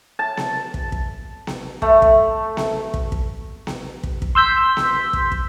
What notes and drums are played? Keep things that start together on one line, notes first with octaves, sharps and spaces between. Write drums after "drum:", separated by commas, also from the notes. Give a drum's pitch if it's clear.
A5
drum: snare B3
drum: kick
drum: kick
drum: snare B3
A3, drum: kick
drum: kick
drum: snare B3
drum: kick
drum: kick
drum: snare B3
drum: kick
drum: kick
C6 E6 G6 B6
drum: snare B3
drum: kick
drum: kick